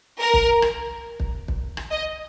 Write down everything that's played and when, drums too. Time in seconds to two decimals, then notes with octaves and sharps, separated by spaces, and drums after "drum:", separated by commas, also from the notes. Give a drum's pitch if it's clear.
0.20 A#4
0.33 drum: kick
0.62 drum: rim click
1.20 drum: kick
1.48 drum: kick
1.77 drum: rim click
1.91 D#5